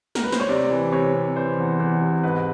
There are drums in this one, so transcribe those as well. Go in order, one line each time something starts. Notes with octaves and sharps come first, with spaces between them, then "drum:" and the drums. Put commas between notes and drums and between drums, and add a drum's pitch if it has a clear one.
A#4, drum: snare
B4
C5, drum: snare
C#5
C3 D5
E3
C3 C#5
C3
E3 C5
E2
E2 C5
C3
G#2 B4